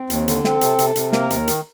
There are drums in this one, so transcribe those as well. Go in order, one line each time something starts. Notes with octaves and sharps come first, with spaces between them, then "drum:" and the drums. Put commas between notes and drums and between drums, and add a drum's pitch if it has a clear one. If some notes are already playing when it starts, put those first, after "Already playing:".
Already playing: C4
D#2, drum: hi-hat
D3, drum: hi-hat
C4 A4, drum: snare
C3, drum: hi-hat
C3, drum: hi-hat
C3, drum: hi-hat
A#3 A#4, drum: snare
D#2, drum: hi-hat
D#3, drum: hi-hat